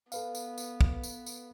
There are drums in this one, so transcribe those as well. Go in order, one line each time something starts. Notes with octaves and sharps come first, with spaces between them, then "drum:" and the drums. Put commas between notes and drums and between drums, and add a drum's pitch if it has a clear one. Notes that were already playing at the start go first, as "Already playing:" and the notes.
B3 A4 B4 F5, drum: tambourine
drum: tambourine
drum: tambourine
drum: kick
drum: tambourine
drum: tambourine